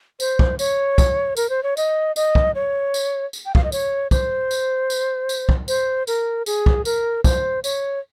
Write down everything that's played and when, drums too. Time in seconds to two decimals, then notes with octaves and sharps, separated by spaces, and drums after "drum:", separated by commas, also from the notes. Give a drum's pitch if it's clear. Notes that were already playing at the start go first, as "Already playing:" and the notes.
0.20 C5, drum: tambourine
0.39 drum: kick
0.59 C#5, drum: tambourine
0.98 drum: kick, tambourine
1.36 A#4, drum: tambourine
1.49 C5
1.63 C#5
1.77 D#5, drum: tambourine
2.16 D#5, drum: tambourine
2.35 drum: kick
2.55 C#5
2.94 drum: tambourine
3.33 drum: tambourine
3.46 G5
3.55 F5, drum: kick
3.64 D#5
3.72 C#5, drum: tambourine
4.11 C5, drum: kick, tambourine
4.51 drum: tambourine
4.90 drum: tambourine
5.29 drum: tambourine
5.49 drum: kick
5.68 C5, drum: tambourine
6.07 A#4, drum: tambourine
6.46 G#4, drum: tambourine
6.66 drum: kick
6.85 A#4, drum: tambourine
7.24 C5, drum: kick, tambourine
7.64 C#5, drum: tambourine